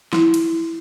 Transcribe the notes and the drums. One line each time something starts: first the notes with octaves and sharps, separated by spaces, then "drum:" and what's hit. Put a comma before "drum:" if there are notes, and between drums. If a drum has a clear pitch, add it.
E4, drum: snare
drum: cymbal